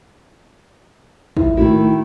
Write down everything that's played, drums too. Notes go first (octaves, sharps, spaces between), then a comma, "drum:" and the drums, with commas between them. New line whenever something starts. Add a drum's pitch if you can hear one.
E4, drum: kick
D#3 A3 E4 F#4